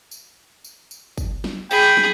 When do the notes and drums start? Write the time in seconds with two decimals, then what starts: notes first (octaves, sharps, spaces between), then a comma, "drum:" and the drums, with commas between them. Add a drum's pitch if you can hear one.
0.11 drum: tambourine
0.64 drum: tambourine
0.91 drum: tambourine
1.18 drum: kick, tambourine
1.44 drum: snare
1.71 G#4 G5 B5, drum: tambourine
1.97 drum: snare